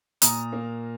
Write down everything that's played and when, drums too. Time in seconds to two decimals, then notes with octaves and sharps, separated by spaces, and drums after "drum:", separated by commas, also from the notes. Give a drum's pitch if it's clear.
0.22 A#2 A#5 D#6, drum: hi-hat
0.52 A#3